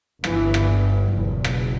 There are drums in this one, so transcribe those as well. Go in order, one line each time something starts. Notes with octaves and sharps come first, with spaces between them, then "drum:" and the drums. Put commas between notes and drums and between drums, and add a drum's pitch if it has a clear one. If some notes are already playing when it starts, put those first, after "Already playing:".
G1 G2 E3, drum: rim click
drum: rim click
F#1 E2 B2
drum: rim click